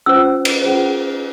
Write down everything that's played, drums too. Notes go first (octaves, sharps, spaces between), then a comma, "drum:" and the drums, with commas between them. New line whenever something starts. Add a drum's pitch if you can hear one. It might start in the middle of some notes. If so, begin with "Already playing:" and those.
C#4 F4 C5 E6
drum: cymbal
C#4 F4 G#4 C5